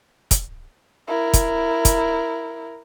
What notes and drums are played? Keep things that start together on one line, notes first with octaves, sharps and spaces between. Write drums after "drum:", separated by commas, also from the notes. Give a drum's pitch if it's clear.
drum: kick, hi-hat
E4 A#4
drum: kick, hi-hat
drum: kick, hi-hat